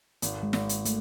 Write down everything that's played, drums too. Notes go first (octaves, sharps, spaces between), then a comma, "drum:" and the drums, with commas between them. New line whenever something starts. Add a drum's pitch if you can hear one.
G#1, drum: hi-hat
G#3
G#1, drum: snare
drum: hi-hat
A3, drum: hi-hat